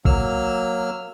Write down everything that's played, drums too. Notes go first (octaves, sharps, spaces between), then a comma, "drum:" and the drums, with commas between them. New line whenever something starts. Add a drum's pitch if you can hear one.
F#3 A#3 E6 F6, drum: kick